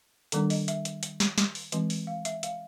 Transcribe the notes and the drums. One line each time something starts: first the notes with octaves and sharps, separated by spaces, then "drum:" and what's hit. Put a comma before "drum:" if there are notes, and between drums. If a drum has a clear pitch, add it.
D#3 G3 B3 D4 A4, drum: hi-hat
D#5, drum: open hi-hat
E5, drum: hi-hat
drum: hi-hat
drum: hi-hat
drum: snare
drum: snare
drum: open hi-hat
E3 G#3 C4, drum: hi-hat
drum: open hi-hat
F5
E5, drum: hi-hat
F5, drum: hi-hat